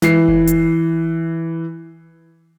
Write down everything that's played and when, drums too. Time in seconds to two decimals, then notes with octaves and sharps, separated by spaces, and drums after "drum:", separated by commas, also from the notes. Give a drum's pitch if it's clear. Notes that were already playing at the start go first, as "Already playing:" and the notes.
0.02 E3 C7, drum: snare
0.28 drum: kick F#1
0.47 drum: hi-hat